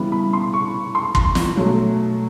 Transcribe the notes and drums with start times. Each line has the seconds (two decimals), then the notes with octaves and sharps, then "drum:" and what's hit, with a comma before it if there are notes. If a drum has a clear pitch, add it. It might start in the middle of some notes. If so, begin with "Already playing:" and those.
Already playing: C#3 E3 G3 B3 B5
0.12 B5
0.33 C6
0.53 C#6
0.95 C6
1.15 C6, drum: kick
1.35 drum: snare
1.56 B2 F#3 A3